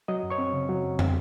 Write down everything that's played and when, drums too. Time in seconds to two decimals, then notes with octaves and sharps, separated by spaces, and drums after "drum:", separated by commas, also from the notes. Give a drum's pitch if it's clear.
0.08 F#3 D#5 D#6
0.23 F#2
0.30 C#5 C#6
0.38 C4
0.53 C#3
0.69 F#3
0.84 F#2
0.99 C4, drum: tom